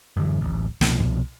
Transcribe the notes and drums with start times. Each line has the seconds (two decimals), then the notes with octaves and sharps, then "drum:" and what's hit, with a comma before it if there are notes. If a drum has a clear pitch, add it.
0.17 F#2 D3 E3
0.41 D1 A1
0.81 C2 B2 F3, drum: snare
1.00 drum: kick